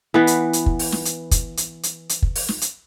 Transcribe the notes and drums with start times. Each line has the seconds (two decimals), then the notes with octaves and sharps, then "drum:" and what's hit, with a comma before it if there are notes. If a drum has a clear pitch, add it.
0.14 E3 B3
0.27 drum: hi-hat
0.53 drum: hi-hat
0.66 drum: kick
0.79 drum: open hi-hat
0.92 drum: snare
1.05 drum: hi-hat
1.31 drum: kick, hi-hat
1.57 drum: hi-hat
1.83 drum: hi-hat
2.09 drum: hi-hat
2.22 drum: kick
2.35 drum: open hi-hat
2.48 drum: snare
2.61 drum: hi-hat